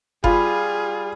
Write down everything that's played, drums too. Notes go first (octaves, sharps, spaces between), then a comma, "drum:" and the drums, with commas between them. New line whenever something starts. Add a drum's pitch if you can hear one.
G3 F4 G#4 B5, drum: kick F#1